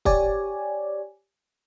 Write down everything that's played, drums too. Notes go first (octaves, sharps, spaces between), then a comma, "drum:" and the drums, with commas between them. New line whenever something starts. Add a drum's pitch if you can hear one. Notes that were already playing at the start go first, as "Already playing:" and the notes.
G4 C#5 D5 G#5, drum: kick